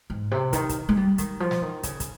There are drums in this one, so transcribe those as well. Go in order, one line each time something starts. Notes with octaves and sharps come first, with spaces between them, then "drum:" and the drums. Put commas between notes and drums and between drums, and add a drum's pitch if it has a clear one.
G#2
C3
D#3, drum: kick, hi-hat
drum: kick, hi-hat
G#3
G3
D#3, drum: kick, hi-hat
F3
drum: snare
D#3
C#3, drum: kick, hi-hat
drum: kick, hi-hat